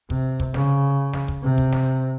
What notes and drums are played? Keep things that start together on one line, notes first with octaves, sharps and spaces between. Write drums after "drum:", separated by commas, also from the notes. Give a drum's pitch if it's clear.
C3, drum: kick
drum: kick
C#3, drum: snare
drum: snare
drum: kick
C3
drum: kick
drum: snare